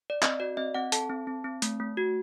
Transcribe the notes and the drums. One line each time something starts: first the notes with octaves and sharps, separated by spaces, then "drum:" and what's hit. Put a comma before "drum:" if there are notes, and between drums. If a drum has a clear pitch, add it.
D5
C4 D#5, drum: clap
F#4 D5
C4 D#5
C4 F#5
A4 A5, drum: hi-hat
C4
C4
C4
A3, drum: hi-hat
A3
F#4